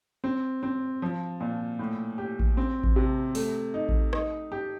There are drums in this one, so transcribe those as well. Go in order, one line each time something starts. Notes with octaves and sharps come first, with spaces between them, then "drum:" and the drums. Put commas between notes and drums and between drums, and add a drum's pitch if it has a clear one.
C4
C4
F3
A#2
A2
G4
drum: kick A1
C4
drum: kick A1
C3
A3, drum: open hi-hat
D#4
drum: kick A1
D#4, drum: rim click
G4